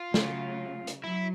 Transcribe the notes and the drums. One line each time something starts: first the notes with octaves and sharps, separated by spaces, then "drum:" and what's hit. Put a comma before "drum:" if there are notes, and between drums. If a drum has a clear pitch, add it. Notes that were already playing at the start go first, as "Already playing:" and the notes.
Already playing: F4
C#3 F#3 A3, drum: snare
drum: hi-hat
F#3 E4